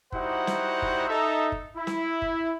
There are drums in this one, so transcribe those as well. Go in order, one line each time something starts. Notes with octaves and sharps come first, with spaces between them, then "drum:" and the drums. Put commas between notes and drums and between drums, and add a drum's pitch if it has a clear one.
G3 D#4 E4 F#4 C5 F#5, drum: kick
drum: snare
drum: kick
D#4 A4 E5
drum: kick
E4
drum: snare
drum: kick